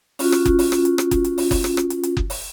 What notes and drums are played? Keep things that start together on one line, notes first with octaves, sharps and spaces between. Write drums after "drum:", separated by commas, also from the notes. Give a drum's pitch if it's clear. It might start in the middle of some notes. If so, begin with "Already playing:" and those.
C#4 F4 F#4, drum: open hi-hat
drum: rim click
drum: kick F#1, hi-hat
drum: open hi-hat
drum: rim click
drum: hi-hat
drum: rim click
drum: kick F#1, hi-hat
drum: hi-hat
drum: open hi-hat
drum: kick F#1, open hi-hat
drum: rim click
drum: rim click
drum: hi-hat
drum: hi-hat
drum: kick F#1
drum: open hi-hat